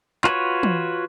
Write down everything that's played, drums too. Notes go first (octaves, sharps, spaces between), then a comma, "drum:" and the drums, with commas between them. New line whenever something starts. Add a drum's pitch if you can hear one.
F4 F#4 B4 C#5, drum: clap
drum: tom E3